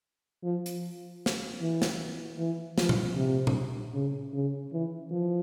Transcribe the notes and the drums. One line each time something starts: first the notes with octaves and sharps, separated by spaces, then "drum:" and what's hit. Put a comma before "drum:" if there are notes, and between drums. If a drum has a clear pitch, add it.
F3
drum: hi-hat
drum: snare
E3
drum: snare
E3
F3, drum: snare
drum: tom A#2
C3
drum: tom A#2
C#3
C#3
E3
F3